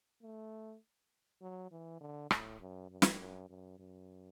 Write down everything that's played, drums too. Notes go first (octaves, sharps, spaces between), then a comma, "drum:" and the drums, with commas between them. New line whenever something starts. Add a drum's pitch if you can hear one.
A3
F#3
E3
D3
A2, drum: rim click
F#2
F#2
drum: snare
F#2
F#2
F#2